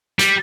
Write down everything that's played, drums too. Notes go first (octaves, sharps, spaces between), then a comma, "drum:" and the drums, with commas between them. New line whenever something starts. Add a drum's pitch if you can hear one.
G3, drum: hi-hat